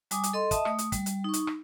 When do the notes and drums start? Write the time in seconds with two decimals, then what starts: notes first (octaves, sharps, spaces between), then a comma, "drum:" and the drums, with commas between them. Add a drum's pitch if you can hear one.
0.11 G3 G#5 D6 D#6, drum: hi-hat
0.23 drum: hi-hat
0.33 A4 D#5 C6
0.51 D#5 E5 A5 D#6, drum: kick, hi-hat
0.65 A3 D#6, drum: rim click
0.78 drum: hi-hat
0.92 G3, drum: kick, hi-hat
1.06 drum: hi-hat
1.24 D#4 C#6
1.33 drum: hi-hat
1.47 drum: rim click